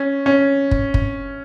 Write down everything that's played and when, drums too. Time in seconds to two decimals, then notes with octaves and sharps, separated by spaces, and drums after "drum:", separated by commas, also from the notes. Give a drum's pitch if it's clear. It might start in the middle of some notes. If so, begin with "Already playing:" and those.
Already playing: C#4
0.26 C#4
0.71 drum: kick
0.94 drum: kick